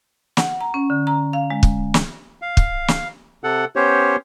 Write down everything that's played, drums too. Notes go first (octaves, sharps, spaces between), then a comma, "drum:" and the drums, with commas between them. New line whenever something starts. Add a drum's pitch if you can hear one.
F#5, drum: snare
A#5
C#4
D3
A#5
F5
G#3
drum: kick
drum: snare
F5
drum: kick
drum: snare
C3 A4 F#5
B3 C#4 G4 C5 C#5